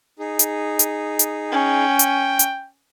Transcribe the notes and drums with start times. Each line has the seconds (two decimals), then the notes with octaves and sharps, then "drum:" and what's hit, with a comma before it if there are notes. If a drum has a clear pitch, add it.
0.19 D#4 G#4
0.39 drum: hi-hat
0.79 drum: hi-hat
1.19 drum: hi-hat
1.51 C#4 G5
1.99 drum: hi-hat
2.39 drum: hi-hat